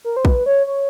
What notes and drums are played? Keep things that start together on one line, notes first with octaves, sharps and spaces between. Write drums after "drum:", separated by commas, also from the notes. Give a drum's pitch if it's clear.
A#4
C5
B4, drum: kick A#1
C#5
C#5